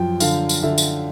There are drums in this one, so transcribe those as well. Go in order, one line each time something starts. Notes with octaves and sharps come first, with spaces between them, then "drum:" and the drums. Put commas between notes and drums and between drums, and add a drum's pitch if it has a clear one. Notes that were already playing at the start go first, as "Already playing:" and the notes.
Already playing: F#2 F3 G5
D3 F5, drum: tambourine
drum: tambourine
D3 E5
drum: tambourine